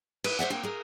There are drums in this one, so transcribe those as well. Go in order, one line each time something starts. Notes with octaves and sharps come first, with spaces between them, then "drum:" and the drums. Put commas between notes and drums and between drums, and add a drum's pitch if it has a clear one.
B4, drum: cymbal
C5 C#5 E5 F#5
A#3 C4 G5
G#4 A#4